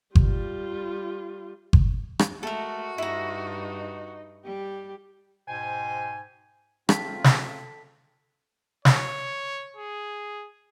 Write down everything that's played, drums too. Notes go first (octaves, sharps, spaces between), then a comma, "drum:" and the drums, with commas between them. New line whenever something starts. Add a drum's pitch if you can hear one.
G3 F4, drum: kick G1
drum: kick G1
drum: rim click
G#3 A3 F#4 A4 A#4
G2 D#4 E4 A#5
G3 G4
G#2 B2 C5 G5 G#5
F#2 C#3 A3 C4 F4 A4 G5 B6, drum: rim click
drum: snare
C#5, drum: snare
G#4